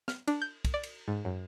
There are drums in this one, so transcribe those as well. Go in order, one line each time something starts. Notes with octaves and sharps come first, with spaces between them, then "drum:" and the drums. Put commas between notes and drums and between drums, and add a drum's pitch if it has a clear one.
F6, drum: snare
D4, drum: cymbal
G6
drum: kick, cymbal
D5
drum: cymbal
G#2
F#2